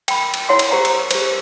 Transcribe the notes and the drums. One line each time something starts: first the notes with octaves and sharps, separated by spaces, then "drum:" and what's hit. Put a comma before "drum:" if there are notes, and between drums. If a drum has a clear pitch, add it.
G5 B5, drum: cymbal
drum: cymbal
E4 C#5 F#5 C6
drum: cymbal
G4 C5 F#5 A#5
drum: cymbal
G4 C5, drum: cymbal